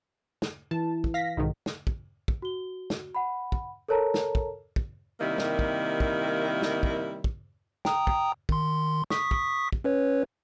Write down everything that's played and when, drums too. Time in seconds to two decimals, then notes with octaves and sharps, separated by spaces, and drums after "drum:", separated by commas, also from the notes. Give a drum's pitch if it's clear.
0.42 drum: snare
0.71 E3 A5
1.04 drum: kick
1.14 F5 A#6 B6
1.37 B1 G#2 D#3
1.66 drum: snare
1.87 drum: kick
2.28 drum: kick
2.42 F#4 G7
2.90 drum: snare
3.15 F#5 B5
3.52 drum: kick
3.89 A4 A#4 C#5 A5 A#5
4.14 drum: snare
4.35 drum: kick
4.76 drum: kick
5.21 C3 D#3 G3 A#3 E4
5.38 drum: snare
5.59 drum: kick
6.00 drum: kick
6.62 drum: snare
6.83 drum: kick
7.24 drum: kick
7.85 G5 A#5 D#6, drum: snare
8.07 drum: kick
8.49 D#3 C6, drum: kick
9.10 C#6 D#6 B6, drum: snare
9.31 drum: kick
9.72 drum: kick
9.84 C#4 B4 C#5